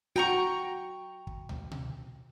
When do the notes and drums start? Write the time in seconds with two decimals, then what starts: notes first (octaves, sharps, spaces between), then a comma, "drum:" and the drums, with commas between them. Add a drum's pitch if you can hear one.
0.16 F#4 G5 A#5 C#6
1.27 drum: kick
1.49 drum: tom
1.71 drum: tom B2